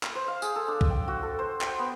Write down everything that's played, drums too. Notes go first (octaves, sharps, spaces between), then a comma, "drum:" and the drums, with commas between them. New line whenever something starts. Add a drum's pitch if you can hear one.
drum: clap
C5
F5
G#4, drum: tambourine
A4
D4
drum: kick C2
G5
F#4
A4
C5
G5, drum: clap
B3